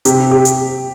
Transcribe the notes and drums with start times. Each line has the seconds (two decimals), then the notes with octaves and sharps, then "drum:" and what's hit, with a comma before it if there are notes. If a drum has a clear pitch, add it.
0.05 C3 G4, drum: hi-hat
0.31 G4
0.45 drum: hi-hat